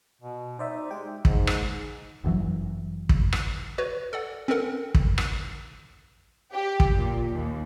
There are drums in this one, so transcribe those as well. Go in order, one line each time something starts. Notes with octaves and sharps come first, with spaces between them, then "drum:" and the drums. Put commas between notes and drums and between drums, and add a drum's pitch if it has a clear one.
B2
D#4 C5 D5 E5
G#3 G4 G5
G#2, drum: kick
drum: rim click
G1 F#2 E3 F#3
drum: kick
drum: rim click
F#4 B4 C#5
A4 D5 F#5
C4 C#4 A4 A#4 F#5
drum: kick
drum: rim click
G4
drum: kick
A#2
D#2